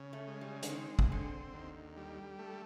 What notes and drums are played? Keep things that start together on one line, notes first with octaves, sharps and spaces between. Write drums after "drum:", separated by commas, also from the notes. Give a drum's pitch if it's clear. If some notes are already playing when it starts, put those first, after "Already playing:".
Already playing: C#3
A3
G#3
G3
D3, drum: hi-hat
D#3 C4
drum: kick
D3 C4
D#2
G3
A3